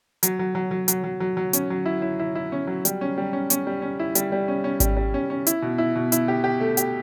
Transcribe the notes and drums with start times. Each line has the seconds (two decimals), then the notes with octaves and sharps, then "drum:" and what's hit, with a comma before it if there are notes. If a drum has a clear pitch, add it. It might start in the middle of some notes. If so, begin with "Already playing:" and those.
0.23 F#3, drum: hi-hat
0.39 F#3
0.55 F#3
0.71 F#3
0.88 F#3, drum: hi-hat
1.04 F#3
1.20 F#3
1.37 F#3
1.53 C#4, drum: hi-hat
1.70 F#3
1.85 E4
2.02 E4
2.19 E4
2.35 E4
2.52 C#4
2.67 F#3
2.85 G3, drum: hi-hat
3.01 C#4
3.18 G3
3.33 C#4
3.50 C#4, drum: hi-hat
3.67 G3
3.82 C#4
3.99 E4
4.15 G3, drum: hi-hat
4.32 G3
4.48 C#4
4.64 C#4
4.80 G3, drum: kick G#1, hi-hat
4.97 G3
5.14 C#4
5.30 C#4
5.47 E4, drum: hi-hat
5.62 B2
5.78 E4
5.95 B2
6.12 E4, drum: hi-hat
6.28 G4
6.44 G4
6.60 A3
6.77 G4, drum: hi-hat